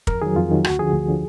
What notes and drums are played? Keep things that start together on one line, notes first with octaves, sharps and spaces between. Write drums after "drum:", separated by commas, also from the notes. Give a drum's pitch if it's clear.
F2 A#4, drum: kick
D#3 F#3 G#4
F2 F4
D#3 F#3
D2 F#4, drum: rim click
D3 F3 G#4
D2
D3 F3